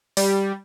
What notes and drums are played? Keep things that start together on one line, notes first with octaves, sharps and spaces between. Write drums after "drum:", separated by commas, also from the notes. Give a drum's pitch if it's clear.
G3, drum: open hi-hat